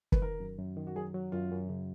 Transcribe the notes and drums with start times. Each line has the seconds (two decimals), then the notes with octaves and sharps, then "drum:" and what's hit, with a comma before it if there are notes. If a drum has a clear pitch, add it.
0.12 B4, drum: kick
0.22 D#3 A#4
0.40 F#2
0.59 F#2
0.77 D#3
0.87 F#4
0.96 F#3 G#4
1.14 F#3
1.32 F#2 F4
1.51 F#2
1.69 C#3